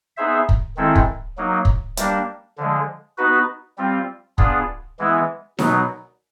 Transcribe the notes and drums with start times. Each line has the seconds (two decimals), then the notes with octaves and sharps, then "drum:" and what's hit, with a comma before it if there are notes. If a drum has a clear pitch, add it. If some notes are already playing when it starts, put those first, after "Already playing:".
0.17 B3 D#4 G#4 C5 E5
0.49 drum: kick
0.77 D#3 G#3 C4 E4 A4
0.95 drum: kick
1.37 F#3 A#3 D#4
1.65 drum: kick
1.97 G3 A#3 D4, drum: hi-hat
2.58 D3 F3 G#3
3.18 B3 D#4 F#4 B4
3.78 G3 C4 F4
4.38 B3 D4 F4 G#4, drum: kick
4.99 E3 G#3 B3 E4
5.59 B2 F#3 B3 D#4, drum: snare D#4